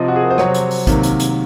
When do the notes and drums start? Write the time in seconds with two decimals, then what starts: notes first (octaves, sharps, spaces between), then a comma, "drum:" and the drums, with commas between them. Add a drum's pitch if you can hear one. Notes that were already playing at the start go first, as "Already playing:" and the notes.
Already playing: C3 F3 C4 D#5
0.08 F#4
0.16 G#4
0.23 A#4
0.30 C5
0.38 C3 F#3 C4 C#5, drum: rim click
0.54 drum: hi-hat
0.71 drum: open hi-hat
0.87 C3 D#3 F#3 A#3, drum: kick, hi-hat
1.03 drum: hi-hat
1.20 drum: hi-hat